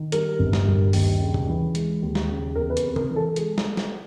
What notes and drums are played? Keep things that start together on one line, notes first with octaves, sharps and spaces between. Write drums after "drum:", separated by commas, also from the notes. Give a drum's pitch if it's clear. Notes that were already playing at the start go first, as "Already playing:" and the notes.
Already playing: D#3
G3 A#4, drum: hi-hat
G1
drum: snare
G2
D#2, drum: open hi-hat
C#3
drum: tom B2
E3
G#3, drum: hi-hat
D#2
drum: snare
C#3
E2 A#4
B4
A#4, drum: hi-hat
C3
A#4, drum: tom C3
E3
A4
G#3 G#4, drum: hi-hat
A4, drum: snare
drum: snare